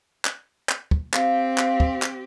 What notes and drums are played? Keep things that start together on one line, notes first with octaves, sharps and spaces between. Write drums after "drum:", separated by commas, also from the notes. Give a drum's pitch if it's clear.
drum: clap
drum: clap
drum: kick
C4 G4 F5, drum: clap
drum: clap
drum: kick
drum: clap